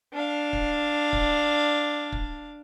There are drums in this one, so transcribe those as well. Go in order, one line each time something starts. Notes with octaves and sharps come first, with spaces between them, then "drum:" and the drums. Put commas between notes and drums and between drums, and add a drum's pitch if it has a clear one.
D4 F5
drum: kick
drum: kick
drum: kick